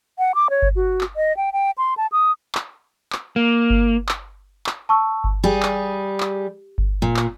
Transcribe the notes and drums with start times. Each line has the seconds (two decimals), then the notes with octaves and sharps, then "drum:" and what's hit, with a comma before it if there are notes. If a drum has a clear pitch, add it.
0.18 F#5
0.35 D6
0.50 C#5
0.62 drum: kick G1
0.76 F#4
1.01 drum: clap
1.16 D#5
1.37 G5
1.53 G5
1.78 C6
1.97 A5
2.12 D#6
2.55 drum: clap
3.13 drum: clap
3.36 A#3
3.70 drum: kick G1
4.09 drum: clap
4.66 drum: clap
4.89 A5 C#6 E6
5.24 drum: kick G1
5.44 G3 G4 G#4
5.63 drum: clap
6.20 drum: clap
6.78 drum: kick G1
7.02 A#2
7.17 drum: clap